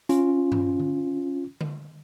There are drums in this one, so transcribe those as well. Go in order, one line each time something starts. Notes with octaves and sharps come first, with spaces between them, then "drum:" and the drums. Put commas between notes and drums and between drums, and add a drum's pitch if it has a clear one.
C#4 F4, drum: hi-hat
drum: tom G2
drum: tom D3
drum: tom D3